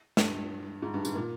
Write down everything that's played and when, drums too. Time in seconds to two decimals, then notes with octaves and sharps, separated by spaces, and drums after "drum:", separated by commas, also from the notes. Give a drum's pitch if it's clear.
0.17 G2, drum: snare
0.82 G#2
0.94 G2
1.05 G#2, drum: tambourine
1.15 A#2